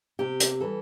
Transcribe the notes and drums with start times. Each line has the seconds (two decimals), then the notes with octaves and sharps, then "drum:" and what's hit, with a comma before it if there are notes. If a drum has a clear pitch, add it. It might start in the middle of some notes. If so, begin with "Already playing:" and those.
0.19 C3 G4
0.40 drum: hi-hat
0.60 E3 G3 A4